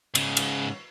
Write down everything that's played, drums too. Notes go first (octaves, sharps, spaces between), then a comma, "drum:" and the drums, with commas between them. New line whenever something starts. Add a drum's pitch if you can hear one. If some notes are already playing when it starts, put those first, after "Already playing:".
G#2 C#3, drum: cymbal
drum: cymbal